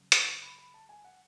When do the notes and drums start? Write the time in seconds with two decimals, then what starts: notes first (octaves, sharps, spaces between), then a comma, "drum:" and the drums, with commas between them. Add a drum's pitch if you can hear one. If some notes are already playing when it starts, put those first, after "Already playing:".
Already playing: C#3 F#3
0.12 drum: hi-hat
0.27 C#6
0.43 B5
0.58 B5
0.74 A5
0.89 G#5
1.04 F#5